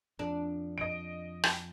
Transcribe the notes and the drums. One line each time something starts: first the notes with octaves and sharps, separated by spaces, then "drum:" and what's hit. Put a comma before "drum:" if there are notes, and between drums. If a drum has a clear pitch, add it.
F2 D4
D#5 D7
drum: rim click